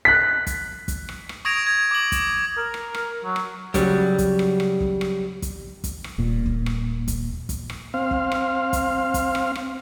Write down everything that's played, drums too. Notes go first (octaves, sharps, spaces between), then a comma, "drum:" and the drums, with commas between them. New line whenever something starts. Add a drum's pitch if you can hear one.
F#6 B6
drum: kick, hi-hat
drum: kick, hi-hat
drum: rim click
drum: rim click
C#6 D#6 G#6 A#6 D7 F7
G#6
D6 F#7
drum: kick, hi-hat
A#4
drum: rim click
drum: rim click
F#3
drum: rim click
C#3 F#3 G3, drum: kick, hi-hat
drum: kick, hi-hat
drum: rim click
drum: rim click
drum: kick
drum: rim click
drum: kick, hi-hat
drum: kick, hi-hat
drum: rim click
D#1 A#2
drum: kick
drum: rim click
drum: kick, hi-hat
drum: kick, hi-hat
drum: rim click
C4 F5
drum: kick
drum: rim click
drum: kick, hi-hat
drum: kick, hi-hat
drum: rim click
drum: rim click